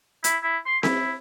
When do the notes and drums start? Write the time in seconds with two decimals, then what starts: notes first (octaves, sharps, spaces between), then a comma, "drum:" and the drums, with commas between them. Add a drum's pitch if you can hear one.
0.24 E4, drum: hi-hat
0.43 E4
0.66 C6
0.83 E4, drum: snare C4